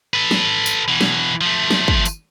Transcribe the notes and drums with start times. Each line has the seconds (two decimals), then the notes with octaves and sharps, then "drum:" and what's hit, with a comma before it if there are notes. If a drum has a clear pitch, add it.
0.14 A4 B4
0.31 drum: snare
0.66 drum: tambourine
0.88 B2 E3
1.01 drum: snare
1.41 F3 A3
1.71 drum: snare
1.88 drum: kick
2.05 drum: tambourine